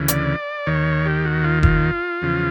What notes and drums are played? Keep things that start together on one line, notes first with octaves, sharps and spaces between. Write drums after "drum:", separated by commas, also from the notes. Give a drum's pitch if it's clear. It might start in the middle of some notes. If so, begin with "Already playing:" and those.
Already playing: D2 C#3 E3
D5, drum: hi-hat
D#2 D#3 C#5
G4
F#4
F4
F4, drum: kick F#1
E2 C#3 F3